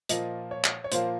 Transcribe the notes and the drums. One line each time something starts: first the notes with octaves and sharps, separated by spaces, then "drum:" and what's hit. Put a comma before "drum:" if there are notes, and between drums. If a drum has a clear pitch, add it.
A#2 F3 A#3 D#5, drum: hi-hat
C#5
drum: clap
C#5
A#2 F3 A#3 C5, drum: hi-hat